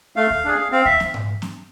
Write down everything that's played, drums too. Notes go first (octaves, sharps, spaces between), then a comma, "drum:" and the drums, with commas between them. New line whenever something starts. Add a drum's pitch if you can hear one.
A3 F5
drum: kick D2
D4 G#4
C4 F5
E5, drum: kick D2
drum: snare
drum: tom G#2
drum: snare